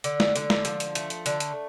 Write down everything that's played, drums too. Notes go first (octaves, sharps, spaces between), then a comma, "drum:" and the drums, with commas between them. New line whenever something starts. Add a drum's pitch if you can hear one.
D3, drum: hi-hat
drum: snare
D3, drum: hi-hat
drum: snare
F3, drum: hi-hat
drum: hi-hat
A3, drum: hi-hat
drum: hi-hat
D3, drum: hi-hat
drum: hi-hat